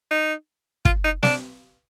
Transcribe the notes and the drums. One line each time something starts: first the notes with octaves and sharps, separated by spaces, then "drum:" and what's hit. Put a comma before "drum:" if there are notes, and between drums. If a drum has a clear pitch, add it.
D#4
F4, drum: kick
D#4
D4, drum: snare